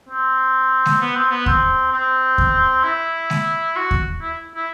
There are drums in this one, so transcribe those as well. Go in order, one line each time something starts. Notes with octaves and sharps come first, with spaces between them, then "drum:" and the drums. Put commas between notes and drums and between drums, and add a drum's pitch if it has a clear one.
C4
drum: snare G#3
B3
C4
B3
C4, drum: kick D#2
C4
drum: kick D#2
E4
drum: snare G#3
F#4
drum: kick D#2
E4
E4